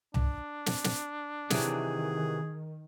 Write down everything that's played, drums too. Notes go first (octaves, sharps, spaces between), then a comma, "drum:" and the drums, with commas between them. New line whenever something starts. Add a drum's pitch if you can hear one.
D4, drum: tom C2
drum: snare
drum: snare
C3 D#3 E3 F#3 G#4, drum: snare